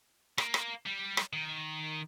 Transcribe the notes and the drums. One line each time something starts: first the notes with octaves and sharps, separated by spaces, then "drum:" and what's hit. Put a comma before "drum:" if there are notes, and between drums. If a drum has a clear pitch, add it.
A#3, drum: rim click
drum: rim click
G3
drum: rim click
D#3